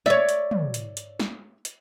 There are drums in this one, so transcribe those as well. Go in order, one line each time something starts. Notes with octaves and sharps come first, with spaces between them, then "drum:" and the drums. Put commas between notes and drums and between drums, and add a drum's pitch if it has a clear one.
C#5 D5 E5, drum: snare
drum: hi-hat
drum: tom
drum: hi-hat
drum: hi-hat
drum: snare
drum: hi-hat